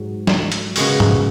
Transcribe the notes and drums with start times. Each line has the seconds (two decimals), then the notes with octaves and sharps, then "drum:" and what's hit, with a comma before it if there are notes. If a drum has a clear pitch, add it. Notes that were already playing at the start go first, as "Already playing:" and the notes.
Already playing: G#2 F#3
0.27 drum: snare
0.52 drum: hi-hat
0.76 C#3 G#3 B3 F#4, drum: open hi-hat
1.00 drum: tom G#2